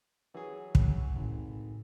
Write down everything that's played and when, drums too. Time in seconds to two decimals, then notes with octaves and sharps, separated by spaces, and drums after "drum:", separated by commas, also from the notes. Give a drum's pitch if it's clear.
0.34 E3 F#3 G#4
0.75 drum: kick
1.15 G#1 A2